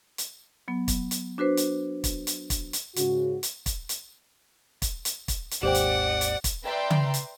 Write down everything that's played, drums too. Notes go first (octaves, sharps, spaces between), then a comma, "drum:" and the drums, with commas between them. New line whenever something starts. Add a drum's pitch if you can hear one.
drum: hi-hat
F#3 B3
drum: kick, hi-hat
drum: hi-hat
D4 F#4 B4 C5
drum: hi-hat
drum: kick, hi-hat
drum: hi-hat
drum: kick, hi-hat
drum: hi-hat
G#2 C#3 F#4, drum: hi-hat
drum: hi-hat
drum: kick, hi-hat
drum: hi-hat
drum: kick, hi-hat
drum: hi-hat
drum: kick, hi-hat
drum: hi-hat
G#1 D#2 G4 C5 D5 F#5 G5
drum: hi-hat
drum: hi-hat
drum: kick, hi-hat
B4 D5 E5 G5 A#5 C6
drum: tom C#3
drum: hi-hat